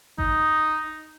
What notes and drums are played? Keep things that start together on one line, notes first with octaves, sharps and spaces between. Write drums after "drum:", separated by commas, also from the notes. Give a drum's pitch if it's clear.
D#4, drum: kick G#1